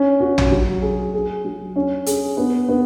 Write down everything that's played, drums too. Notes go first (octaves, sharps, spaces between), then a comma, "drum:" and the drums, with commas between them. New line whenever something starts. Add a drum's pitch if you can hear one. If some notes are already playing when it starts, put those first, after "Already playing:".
Already playing: C#4
F#4
drum: tom
F#3
G#4
G#4
F#3
C#4
G#4, drum: hi-hat
B3
B3